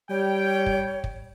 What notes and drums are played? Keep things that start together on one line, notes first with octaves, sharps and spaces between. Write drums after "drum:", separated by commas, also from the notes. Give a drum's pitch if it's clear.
G3 C#5 G5
drum: kick
drum: kick